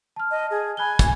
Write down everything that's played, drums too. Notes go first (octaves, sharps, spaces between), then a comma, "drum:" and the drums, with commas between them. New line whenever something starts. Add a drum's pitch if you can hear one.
A5 F6
D#5
G#4
G#5 B5 F#6 G7
drum: kick, hi-hat